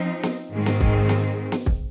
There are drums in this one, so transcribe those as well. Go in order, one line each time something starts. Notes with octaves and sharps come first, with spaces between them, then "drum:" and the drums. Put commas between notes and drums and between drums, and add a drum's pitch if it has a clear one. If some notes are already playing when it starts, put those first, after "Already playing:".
Already playing: F3 C4 D#4
drum: snare
G#2 D#3 G#3 C4
drum: snare
drum: kick
drum: snare
drum: snare
drum: kick